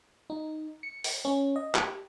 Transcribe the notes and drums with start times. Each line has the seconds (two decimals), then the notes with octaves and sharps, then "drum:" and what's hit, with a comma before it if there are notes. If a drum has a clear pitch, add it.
0.30 D#4
0.83 C#7
1.04 drum: open hi-hat
1.25 C#4
1.56 D#5
1.75 G4, drum: clap